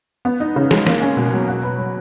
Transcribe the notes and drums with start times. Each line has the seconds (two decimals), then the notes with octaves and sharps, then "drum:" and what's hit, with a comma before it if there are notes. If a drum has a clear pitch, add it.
0.25 B3
0.40 D#4
0.56 C#3
0.71 G#3, drum: snare
0.87 A#3, drum: snare
1.02 C#4
1.17 B2
1.33 F#3
1.48 F#4
1.63 B4
1.78 F#3